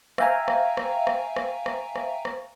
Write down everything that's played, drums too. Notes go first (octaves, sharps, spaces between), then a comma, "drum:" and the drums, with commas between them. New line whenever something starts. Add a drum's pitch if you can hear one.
E5 F5 G5 G#5 A#5, drum: rim click
drum: rim click
drum: rim click
drum: rim click
drum: rim click
drum: rim click
drum: rim click
drum: rim click